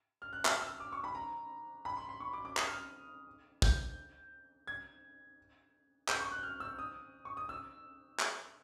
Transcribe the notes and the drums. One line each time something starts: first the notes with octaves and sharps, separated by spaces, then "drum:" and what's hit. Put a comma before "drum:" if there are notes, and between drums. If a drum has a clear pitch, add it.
F6
F#6
F6, drum: clap
E6
D6
C#6
B5
A#5
B5
C6
C6
C#6
D6
D6
D#6, drum: clap
F6
G6, drum: kick
G#6
G6, drum: clap
C#6
F#6
F6
E6
D#6
C#6
D#6
E6
drum: clap